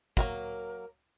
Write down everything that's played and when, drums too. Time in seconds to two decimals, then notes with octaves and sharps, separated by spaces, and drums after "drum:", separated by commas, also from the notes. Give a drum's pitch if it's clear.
0.17 F#3 G3 A#3 A#4, drum: kick